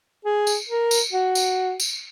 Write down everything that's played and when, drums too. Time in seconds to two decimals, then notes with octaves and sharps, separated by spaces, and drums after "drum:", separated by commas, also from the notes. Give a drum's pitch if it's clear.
0.25 G#4
0.47 drum: tambourine
0.69 A#4
0.91 drum: tambourine
1.13 F#4
1.35 drum: tambourine
1.80 drum: tambourine